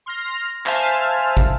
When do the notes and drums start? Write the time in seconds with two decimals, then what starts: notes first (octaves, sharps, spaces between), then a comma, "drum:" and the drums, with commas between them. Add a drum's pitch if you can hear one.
0.06 C6 F6 A#6
0.66 C5 E5 F5 G#5 A5 F6, drum: clap
1.37 drum: kick